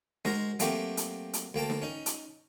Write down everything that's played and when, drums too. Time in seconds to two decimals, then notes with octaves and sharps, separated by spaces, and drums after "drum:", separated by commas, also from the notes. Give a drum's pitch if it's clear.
0.25 G#3 F#4 A#4 C5 A#5, drum: snare
0.60 F#3 A3 A#3 C4 F#4 G4, drum: hi-hat
0.97 drum: hi-hat
1.33 drum: hi-hat
1.54 D2 A#3 G5 A5
1.70 drum: snare
1.82 C#4 D#4
2.06 drum: hi-hat